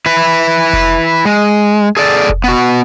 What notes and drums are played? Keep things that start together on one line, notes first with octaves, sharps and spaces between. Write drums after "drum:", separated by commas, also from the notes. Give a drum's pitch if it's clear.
E4 B4
drum: kick F1
G#3
G#4 A4 D5
drum: kick F1
B3 F#4